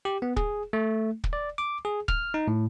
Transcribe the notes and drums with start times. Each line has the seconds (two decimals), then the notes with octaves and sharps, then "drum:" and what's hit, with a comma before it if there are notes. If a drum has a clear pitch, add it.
0.05 G4
0.22 B3
0.37 G#4, drum: kick
0.73 A3
1.24 drum: kick
1.33 D5
1.58 D6
1.85 G#4
2.08 F6, drum: kick
2.34 D#4
2.48 A2